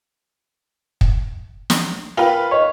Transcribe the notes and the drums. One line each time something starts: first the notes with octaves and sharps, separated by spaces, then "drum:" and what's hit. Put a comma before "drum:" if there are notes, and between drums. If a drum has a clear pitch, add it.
drum: kick
drum: snare
F4 A#4 B4 F5 G5
C#5 D#5